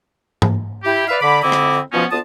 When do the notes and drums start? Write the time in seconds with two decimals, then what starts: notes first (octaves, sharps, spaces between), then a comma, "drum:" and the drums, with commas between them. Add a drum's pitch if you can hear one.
0.42 drum: tom G#2
0.84 E4 G4
1.08 B4 D5 E5 F5
1.21 D3 B5 D6
1.43 F2 D3 C4 E4 D#5 D6
1.52 drum: rim click
1.93 B2 F3 B3 C#4 D#4 F4
2.11 D2 B3 F4 A5 D#6